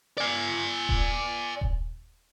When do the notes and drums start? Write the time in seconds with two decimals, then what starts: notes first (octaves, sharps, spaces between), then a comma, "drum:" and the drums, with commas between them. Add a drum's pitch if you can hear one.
0.18 D5 G#5
0.89 drum: kick D#1
1.61 drum: kick D#1